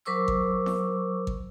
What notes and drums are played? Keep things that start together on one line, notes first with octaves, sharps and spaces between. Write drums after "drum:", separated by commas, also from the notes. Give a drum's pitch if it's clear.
F#3 A#4 C5 C#6 D6 E6
drum: kick G#1
drum: snare E4
drum: kick G#1